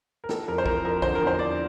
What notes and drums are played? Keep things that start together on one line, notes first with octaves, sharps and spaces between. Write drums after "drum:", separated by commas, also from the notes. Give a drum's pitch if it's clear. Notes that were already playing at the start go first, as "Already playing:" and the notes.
A#4
E3 A4, drum: snare
F2 A#4
C5
E3 A#4, drum: kick
F2 A#4
D3 C5, drum: kick
A#4
E2
C5
D3 D5